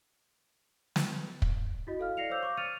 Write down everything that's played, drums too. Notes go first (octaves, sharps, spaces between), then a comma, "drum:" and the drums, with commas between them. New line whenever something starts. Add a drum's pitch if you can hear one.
drum: snare
drum: kick
E4 F#4 D#5
A4 F5 F6
D5 A#6 C7 C#7 F7
C5 C#5 F5 D6 E6 G6
C#6 D6
F6 A6 C#7 D#7 F7